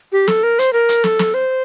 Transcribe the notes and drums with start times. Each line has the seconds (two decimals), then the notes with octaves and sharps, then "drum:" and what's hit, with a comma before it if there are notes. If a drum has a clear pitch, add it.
0.12 G4
0.27 A4, drum: snare
0.43 A#4
0.59 C5, drum: hi-hat
0.73 A#4
0.89 drum: hi-hat
1.04 A4, drum: snare
1.19 drum: snare
1.34 C5